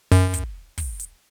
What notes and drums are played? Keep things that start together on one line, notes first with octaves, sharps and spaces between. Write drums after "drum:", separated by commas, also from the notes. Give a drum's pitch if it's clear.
F#2, drum: open hi-hat
drum: kick, hi-hat
drum: kick, open hi-hat
drum: hi-hat